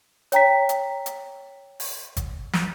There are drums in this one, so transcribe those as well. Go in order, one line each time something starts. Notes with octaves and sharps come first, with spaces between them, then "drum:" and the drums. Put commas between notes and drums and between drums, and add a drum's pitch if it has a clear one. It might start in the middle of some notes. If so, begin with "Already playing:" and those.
C#5 G5 A#5 B6, drum: hi-hat
drum: hi-hat
drum: hi-hat
drum: open hi-hat
drum: kick, hi-hat
drum: snare